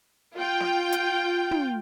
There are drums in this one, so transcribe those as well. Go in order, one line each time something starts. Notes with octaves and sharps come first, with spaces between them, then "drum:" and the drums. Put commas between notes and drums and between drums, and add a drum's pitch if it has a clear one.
F4 G5
drum: snare
drum: hi-hat
drum: tom